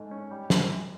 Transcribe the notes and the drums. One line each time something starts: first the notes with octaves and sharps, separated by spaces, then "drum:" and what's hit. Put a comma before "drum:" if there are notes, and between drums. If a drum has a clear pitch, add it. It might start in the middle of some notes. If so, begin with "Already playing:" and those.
Already playing: G#2 A3
C#4
G3
F#2, drum: snare
F#2